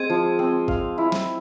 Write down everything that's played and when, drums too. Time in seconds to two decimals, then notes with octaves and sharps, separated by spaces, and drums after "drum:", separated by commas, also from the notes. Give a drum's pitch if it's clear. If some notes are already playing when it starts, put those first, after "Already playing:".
Already playing: G#3 C4 G#4
0.10 F3
0.39 C4
0.68 F5, drum: kick A1
0.98 E4
1.12 drum: snare